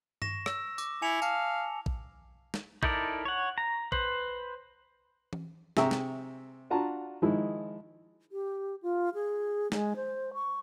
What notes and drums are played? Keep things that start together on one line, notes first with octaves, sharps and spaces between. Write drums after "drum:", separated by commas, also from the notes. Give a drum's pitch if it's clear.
C#6 A#6 E7, drum: tom G2
E6, drum: rim click
D6, drum: tambourine
E4 G#5 C#7 F7
F5 A5, drum: tambourine
drum: kick A#1
drum: snare
D#4 E4 A4 A#4 D5, drum: kick A#1
C#5 F#5
A#5
B4 C5, drum: kick A#1
drum: tom E3
C3 G#4 E5 G5 A#5 C#6, drum: snare
drum: snare
D4 F4 F#4 A5 A#5
D#3 F3 G#3 D#4 E4
G4
F4
G#4
G#3, drum: snare
C5
C#6